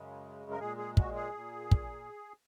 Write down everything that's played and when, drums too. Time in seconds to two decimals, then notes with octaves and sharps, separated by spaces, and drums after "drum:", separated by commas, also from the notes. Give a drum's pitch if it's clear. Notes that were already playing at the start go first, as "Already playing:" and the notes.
Already playing: F#2 C#3 G#3
0.51 A#4
0.59 A#2 G#3 G#4
0.78 G#4
0.97 F#4, drum: kick
1.15 G#4
1.34 A#2
1.71 drum: kick